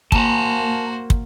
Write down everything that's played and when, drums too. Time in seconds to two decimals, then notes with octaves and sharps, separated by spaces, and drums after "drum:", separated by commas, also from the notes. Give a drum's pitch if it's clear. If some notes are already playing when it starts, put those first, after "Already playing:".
0.12 A#3 F#4 C5 A5 A#5, drum: kick
1.10 drum: kick